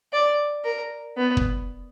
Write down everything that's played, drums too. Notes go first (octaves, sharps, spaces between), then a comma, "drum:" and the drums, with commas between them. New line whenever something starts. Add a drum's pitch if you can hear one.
D5
A#4
B3
drum: kick